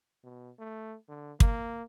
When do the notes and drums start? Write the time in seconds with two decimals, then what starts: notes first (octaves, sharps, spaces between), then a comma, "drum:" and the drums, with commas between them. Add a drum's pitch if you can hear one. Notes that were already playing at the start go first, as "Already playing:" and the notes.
0.24 B2
0.59 A3
1.09 D3
1.40 A#3, drum: kick